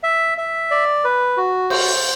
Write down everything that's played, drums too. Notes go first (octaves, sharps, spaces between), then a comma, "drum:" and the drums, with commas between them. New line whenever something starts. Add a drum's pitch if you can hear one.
E5
E5
D5
B4
F#4
C5, drum: cymbal